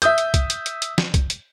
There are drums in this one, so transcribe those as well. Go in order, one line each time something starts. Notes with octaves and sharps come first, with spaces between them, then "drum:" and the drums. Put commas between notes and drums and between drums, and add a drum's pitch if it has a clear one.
E5 D#6 G6, drum: hi-hat
drum: hi-hat
drum: kick, hi-hat
drum: hi-hat
drum: hi-hat
drum: hi-hat
drum: snare
drum: kick, hi-hat
drum: hi-hat